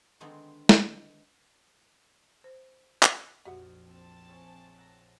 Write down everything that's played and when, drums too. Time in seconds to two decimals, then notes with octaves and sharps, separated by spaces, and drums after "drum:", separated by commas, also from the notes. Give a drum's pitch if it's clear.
0.20 D3 D#3 G#3 B3 C4
0.69 drum: snare
2.44 C5
3.03 drum: clap
3.45 A#1 F2 F#4 G4 E5 F#5
3.86 C4 A5
4.29 E4 G#4 C#5
4.76 E5 F#5 A#5